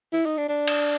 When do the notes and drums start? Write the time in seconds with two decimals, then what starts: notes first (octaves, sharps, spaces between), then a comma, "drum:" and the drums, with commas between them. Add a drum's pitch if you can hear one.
0.13 E4
0.26 D#4
0.37 D4
0.49 D4
0.68 drum: cymbal